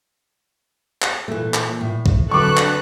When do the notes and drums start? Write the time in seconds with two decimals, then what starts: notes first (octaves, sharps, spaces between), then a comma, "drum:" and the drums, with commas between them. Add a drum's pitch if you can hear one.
1.02 drum: clap
1.28 A#2 E3 A3
1.54 drum: clap
1.81 A2
2.06 drum: kick A#1
2.31 D3 F#3 C4 A4 B4 C#6 D6 F#6
2.57 drum: clap